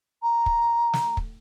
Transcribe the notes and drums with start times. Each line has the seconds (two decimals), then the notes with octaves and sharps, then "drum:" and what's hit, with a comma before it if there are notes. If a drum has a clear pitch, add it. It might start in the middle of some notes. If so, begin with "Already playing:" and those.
0.22 A#5
0.46 drum: kick
0.93 drum: snare
1.17 drum: kick